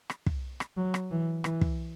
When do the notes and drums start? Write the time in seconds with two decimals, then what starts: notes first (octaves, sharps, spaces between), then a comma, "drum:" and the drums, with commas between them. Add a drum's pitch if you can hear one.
0.10 drum: rim click
0.26 drum: kick
0.60 drum: rim click
0.77 F#3
0.94 drum: rim click
1.11 E3
1.44 E3, drum: rim click
1.61 drum: kick